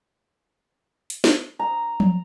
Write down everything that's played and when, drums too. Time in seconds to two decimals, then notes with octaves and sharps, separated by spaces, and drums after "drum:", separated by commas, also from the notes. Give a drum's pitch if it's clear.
1.10 drum: hi-hat
1.24 drum: snare
1.59 A#5
2.00 drum: tom F3